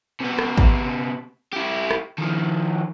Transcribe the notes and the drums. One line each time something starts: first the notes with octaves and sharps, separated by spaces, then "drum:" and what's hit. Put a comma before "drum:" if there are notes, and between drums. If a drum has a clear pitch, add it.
C3 B3
drum: rim click
drum: kick G#1
E4 G4
drum: rim click
D#3 F3